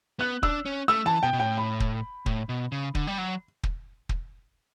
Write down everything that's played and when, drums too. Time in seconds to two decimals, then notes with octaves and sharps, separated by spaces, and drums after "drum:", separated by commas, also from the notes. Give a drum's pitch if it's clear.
0.19 B3 F#6
0.43 D4 E6, drum: kick
0.66 C#4
0.88 A3 E6
1.06 E3 A5
1.23 B2 G5
1.33 B2
1.40 A2 G5
1.58 B5
1.80 drum: kick
2.26 A2, drum: kick
2.49 B2
2.72 C#3
2.95 D3, drum: kick
3.07 G3
3.18 F#3
3.63 drum: kick
4.09 drum: kick